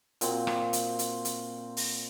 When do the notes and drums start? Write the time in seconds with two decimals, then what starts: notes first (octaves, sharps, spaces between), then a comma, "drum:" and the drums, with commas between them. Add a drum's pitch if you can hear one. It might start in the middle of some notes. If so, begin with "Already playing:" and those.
0.21 A#2 C4 F#4, drum: hi-hat
0.47 drum: rim click
0.73 drum: hi-hat
0.99 drum: hi-hat
1.25 drum: hi-hat
1.77 drum: open hi-hat